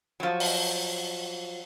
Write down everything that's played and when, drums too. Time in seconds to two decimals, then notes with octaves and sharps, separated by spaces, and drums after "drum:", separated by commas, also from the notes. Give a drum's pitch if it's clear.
0.20 F3 F#3
0.40 drum: open hi-hat